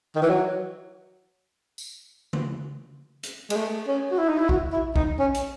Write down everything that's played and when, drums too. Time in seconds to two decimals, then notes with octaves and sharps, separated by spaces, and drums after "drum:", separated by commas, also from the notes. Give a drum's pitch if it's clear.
0.16 D#3
0.22 E3
0.30 F#3
1.78 drum: tambourine
2.33 drum: tom C#3
3.23 drum: hi-hat
3.50 G#3, drum: cymbal
3.56 A3
3.88 C#4
4.11 F#4
4.18 E4
4.29 D#4
4.39 E4
4.49 F#4, drum: kick A#1
4.72 E4
4.96 D#4, drum: kick A#1
5.19 C#4
5.34 drum: hi-hat